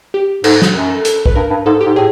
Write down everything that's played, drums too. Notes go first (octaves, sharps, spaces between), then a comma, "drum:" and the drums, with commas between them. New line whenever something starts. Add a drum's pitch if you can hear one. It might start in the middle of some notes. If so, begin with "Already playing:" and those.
G4
G#2 A4, drum: cymbal
drum: snare
F#2 A#4
A4
A4, drum: hi-hat
B4, drum: kick
G2 A#4
G2
G#2 A4
G4
G#2
A2 G#4